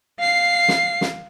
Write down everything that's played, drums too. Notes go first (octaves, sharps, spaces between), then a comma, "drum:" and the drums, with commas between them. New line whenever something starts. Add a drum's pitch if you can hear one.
F5 C7
drum: snare
drum: snare